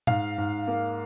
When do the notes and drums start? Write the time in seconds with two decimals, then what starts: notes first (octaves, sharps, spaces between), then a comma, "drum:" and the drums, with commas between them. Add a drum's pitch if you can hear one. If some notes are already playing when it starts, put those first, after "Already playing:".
0.07 G#2 F5, drum: tom A#2
0.38 G#2
0.68 A#3